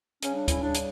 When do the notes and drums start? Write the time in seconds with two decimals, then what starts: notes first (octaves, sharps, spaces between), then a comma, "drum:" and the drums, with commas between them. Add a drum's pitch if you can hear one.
0.22 C#3 G3 C#4, drum: hi-hat
0.35 D4
0.48 C#4 E4, drum: kick, hi-hat
0.61 C#3 G3 D4
0.74 drum: hi-hat